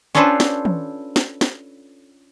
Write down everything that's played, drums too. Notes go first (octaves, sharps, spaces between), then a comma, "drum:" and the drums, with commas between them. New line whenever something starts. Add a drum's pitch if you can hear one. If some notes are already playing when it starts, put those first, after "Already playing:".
C#4 D4 F4 A4 B4 C5
drum: snare
drum: tom
drum: snare
drum: snare